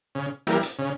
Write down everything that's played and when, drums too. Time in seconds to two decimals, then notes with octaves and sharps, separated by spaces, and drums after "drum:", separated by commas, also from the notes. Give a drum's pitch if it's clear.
0.15 C#3
0.47 E3 G3 A#3, drum: rim click
0.63 drum: hi-hat
0.79 C#3